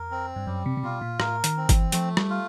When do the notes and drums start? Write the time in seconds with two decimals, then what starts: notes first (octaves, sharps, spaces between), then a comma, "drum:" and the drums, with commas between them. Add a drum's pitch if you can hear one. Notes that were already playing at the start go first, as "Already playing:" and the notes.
Already playing: F2 A#4
0.11 C4
0.36 G2
0.47 F#2 G3
0.66 C3
0.77 C3
0.84 B2 F4
1.01 A#2
1.20 A2 A#4, drum: rim click
1.44 D#3, drum: hi-hat
1.57 C4
1.69 E3, drum: kick G1, hi-hat
1.92 F3 A3, drum: hi-hat
2.17 G3, drum: rim click
2.30 F4